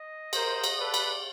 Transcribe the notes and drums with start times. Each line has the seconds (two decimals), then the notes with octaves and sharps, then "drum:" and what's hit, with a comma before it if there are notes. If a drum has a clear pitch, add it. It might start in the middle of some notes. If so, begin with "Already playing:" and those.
Already playing: D#5
0.33 A#4 C5, drum: cymbal
0.64 drum: cymbal
0.78 A4 B4 D5
0.94 drum: cymbal